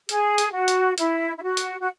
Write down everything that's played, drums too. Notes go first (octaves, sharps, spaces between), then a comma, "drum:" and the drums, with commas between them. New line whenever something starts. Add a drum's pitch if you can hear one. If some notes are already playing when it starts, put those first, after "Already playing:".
G#4, drum: hi-hat
drum: hi-hat
F#4
drum: hi-hat
E4, drum: hi-hat
E4
F#4
drum: hi-hat
F#4